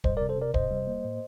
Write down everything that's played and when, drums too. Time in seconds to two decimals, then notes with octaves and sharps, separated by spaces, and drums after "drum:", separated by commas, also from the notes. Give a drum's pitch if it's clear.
0.04 G3 C5 D#5, drum: kick
0.17 A#4 D5
0.21 C3
0.29 A4 C5
0.37 C3 A#4 D5
0.54 C3 C5 D#5, drum: kick
0.71 G3
0.87 A#3
1.05 A2